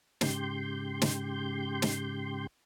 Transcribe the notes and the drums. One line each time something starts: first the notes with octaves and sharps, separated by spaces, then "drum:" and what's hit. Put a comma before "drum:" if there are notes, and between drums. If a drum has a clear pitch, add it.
G#2 C#3 G4 C6 G6, drum: snare
drum: snare
drum: snare